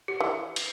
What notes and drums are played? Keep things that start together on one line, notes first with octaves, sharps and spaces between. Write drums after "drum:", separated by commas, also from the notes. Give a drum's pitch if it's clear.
G4
E3
drum: cymbal